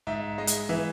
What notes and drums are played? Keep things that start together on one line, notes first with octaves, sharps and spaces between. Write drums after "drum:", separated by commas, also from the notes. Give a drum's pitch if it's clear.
G#2 E5
G#3 D#5
drum: hi-hat
E3 E5